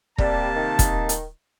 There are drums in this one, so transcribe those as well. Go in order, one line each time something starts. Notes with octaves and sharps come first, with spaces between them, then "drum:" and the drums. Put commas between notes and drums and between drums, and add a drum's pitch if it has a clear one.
C3 G3 A#3 A5, drum: kick E1
D#3
drum: kick E1, hi-hat
drum: hi-hat